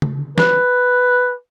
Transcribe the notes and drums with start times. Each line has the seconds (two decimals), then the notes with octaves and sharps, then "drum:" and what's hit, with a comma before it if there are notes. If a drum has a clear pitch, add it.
0.02 drum: tom
0.38 B4, drum: snare